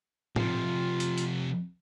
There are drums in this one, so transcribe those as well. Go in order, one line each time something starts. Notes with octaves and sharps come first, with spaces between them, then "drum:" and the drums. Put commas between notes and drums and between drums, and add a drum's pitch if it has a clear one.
F2 C3 F4, drum: tom A2
drum: hi-hat
drum: hi-hat